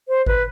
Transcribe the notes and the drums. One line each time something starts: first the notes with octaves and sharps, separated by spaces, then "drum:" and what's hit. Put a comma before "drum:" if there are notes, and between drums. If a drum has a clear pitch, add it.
C5
B4, drum: kick G#1